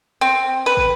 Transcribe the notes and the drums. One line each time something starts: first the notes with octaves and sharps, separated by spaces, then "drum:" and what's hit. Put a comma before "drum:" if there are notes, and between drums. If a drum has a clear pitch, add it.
C4
B4
drum: kick